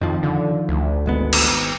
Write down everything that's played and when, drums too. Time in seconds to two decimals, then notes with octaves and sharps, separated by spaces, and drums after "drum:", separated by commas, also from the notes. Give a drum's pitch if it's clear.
0.01 F2 D#3 F3
0.23 D3
0.69 D2
1.06 G#1 G#3 B3
1.33 drum: cymbal